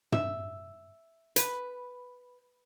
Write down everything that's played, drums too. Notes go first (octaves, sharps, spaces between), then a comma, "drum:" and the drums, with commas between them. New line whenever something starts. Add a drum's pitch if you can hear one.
E5, drum: tom
B4, drum: hi-hat